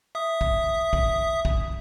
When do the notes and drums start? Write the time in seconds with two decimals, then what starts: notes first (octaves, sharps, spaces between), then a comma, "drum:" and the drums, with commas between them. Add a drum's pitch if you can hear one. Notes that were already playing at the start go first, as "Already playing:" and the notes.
0.15 E5 D#6
0.41 drum: kick
0.93 drum: kick
1.45 drum: kick